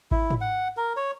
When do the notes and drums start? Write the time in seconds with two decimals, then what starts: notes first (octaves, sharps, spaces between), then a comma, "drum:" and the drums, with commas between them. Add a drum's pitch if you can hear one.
0.11 E4, drum: kick G#1
0.30 drum: tom G#2
0.41 F#5
0.77 A#4
0.97 C#5